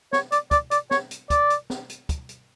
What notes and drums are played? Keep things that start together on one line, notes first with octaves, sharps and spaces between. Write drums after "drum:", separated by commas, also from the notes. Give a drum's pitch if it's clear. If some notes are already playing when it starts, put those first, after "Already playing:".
C#5, drum: snare
D5, drum: hi-hat
D5, drum: kick, hi-hat
D5, drum: hi-hat
C#5, drum: snare
drum: hi-hat
D5, drum: kick, hi-hat
drum: hi-hat
drum: snare
drum: hi-hat
drum: kick, hi-hat
drum: hi-hat